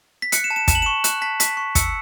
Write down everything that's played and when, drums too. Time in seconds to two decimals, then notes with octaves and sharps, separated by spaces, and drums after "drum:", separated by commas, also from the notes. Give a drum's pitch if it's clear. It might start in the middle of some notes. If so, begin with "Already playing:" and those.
0.22 B6
0.32 F#6 C#7, drum: hi-hat
0.44 E7
0.51 A5
0.56 E7
0.68 A5 E7, drum: kick, hi-hat
0.75 F#7
0.82 C#6 E7
1.04 F#6, drum: hi-hat
1.22 A5 B6
1.40 A5 B6, drum: hi-hat
1.57 C#6
1.75 E6 C#7, drum: kick, hi-hat